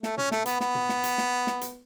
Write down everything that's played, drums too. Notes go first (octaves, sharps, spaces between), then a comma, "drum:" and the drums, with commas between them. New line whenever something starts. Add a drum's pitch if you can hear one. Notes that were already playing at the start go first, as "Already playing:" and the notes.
A3, drum: snare
C#4, drum: tom
A3, drum: snare
B3, drum: hi-hat
B3, drum: snare
drum: tom
drum: snare
drum: hi-hat
drum: snare
drum: snare
drum: hi-hat